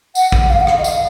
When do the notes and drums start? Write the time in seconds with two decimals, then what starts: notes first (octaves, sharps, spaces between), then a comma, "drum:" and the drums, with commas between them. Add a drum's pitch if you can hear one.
0.15 F#5, drum: tambourine
0.32 drum: kick
0.50 F5
0.60 F#5
0.67 F5, drum: rim click
0.79 D#5
0.84 F5, drum: tambourine